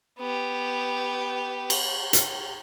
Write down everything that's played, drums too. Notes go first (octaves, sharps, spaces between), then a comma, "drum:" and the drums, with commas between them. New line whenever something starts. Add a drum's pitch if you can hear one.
B3 G4
drum: cymbal
drum: hi-hat